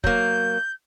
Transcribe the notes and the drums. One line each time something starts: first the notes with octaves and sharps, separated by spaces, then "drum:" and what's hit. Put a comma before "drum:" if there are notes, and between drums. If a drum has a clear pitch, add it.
F#3 A#3 G6, drum: kick